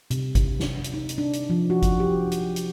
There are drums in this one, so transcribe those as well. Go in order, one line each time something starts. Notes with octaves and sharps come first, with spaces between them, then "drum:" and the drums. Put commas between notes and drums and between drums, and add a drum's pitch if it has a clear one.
C3, drum: hi-hat
drum: kick G#1, hi-hat
drum: snare
drum: hi-hat
D#4
drum: hi-hat
D4
drum: hi-hat
F3
F#4
drum: kick G#1, hi-hat
G4
drum: hi-hat
drum: hi-hat